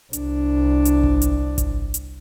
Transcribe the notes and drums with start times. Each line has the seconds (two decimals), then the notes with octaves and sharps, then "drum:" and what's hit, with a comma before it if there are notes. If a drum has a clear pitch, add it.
0.13 C2 D4, drum: hi-hat
0.85 drum: hi-hat
1.03 drum: kick G#1
1.22 drum: hi-hat
1.58 drum: kick G#1, hi-hat
1.94 drum: hi-hat